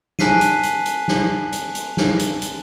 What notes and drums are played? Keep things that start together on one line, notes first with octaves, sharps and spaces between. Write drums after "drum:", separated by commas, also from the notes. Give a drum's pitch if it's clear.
G#5 A5 F#6 B6 C7 D#7, drum: snare
drum: hi-hat
drum: hi-hat
drum: hi-hat
drum: snare
drum: hi-hat
drum: hi-hat
drum: snare
drum: hi-hat
drum: hi-hat